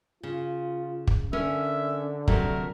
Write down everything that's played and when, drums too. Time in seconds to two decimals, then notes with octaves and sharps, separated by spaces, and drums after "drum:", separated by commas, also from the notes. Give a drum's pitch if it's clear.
0.23 C#3 F4
1.07 drum: kick
1.33 D3 C#4 A#4 E5 G#5
2.28 C3 F#3 A3 A#4, drum: kick